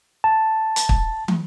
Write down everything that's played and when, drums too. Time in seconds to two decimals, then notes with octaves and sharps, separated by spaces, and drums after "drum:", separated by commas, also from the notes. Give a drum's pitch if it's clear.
0.24 A5
0.76 drum: hi-hat
0.89 drum: kick
1.28 drum: tom